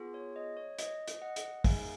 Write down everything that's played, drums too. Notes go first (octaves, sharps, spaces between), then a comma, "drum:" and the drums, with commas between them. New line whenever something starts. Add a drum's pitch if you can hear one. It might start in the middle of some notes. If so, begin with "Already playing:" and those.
Already playing: B3 F4 G#4
C#5
D#5
C#5
D#5, drum: hi-hat
drum: hi-hat
D#5 F#5
drum: hi-hat
A#3 D#4 G#4 F5 G#5, drum: kick, open hi-hat